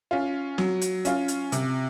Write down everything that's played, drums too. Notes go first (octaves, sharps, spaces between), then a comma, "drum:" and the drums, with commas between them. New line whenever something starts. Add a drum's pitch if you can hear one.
C#4 F4
F#3, drum: snare C4
drum: hi-hat
C#4 F4, drum: hi-hat
drum: hi-hat
C3, drum: hi-hat